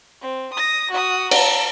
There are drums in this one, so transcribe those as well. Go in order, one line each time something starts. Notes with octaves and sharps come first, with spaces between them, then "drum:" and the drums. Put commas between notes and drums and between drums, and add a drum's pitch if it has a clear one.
C4
D#6 A#6
F#4 D#6
A5 A#5, drum: cymbal